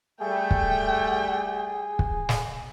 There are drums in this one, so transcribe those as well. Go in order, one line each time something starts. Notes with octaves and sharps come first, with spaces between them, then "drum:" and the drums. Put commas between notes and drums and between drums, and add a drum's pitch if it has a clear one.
G3 A3 G#4 G5
drum: kick
drum: kick
drum: snare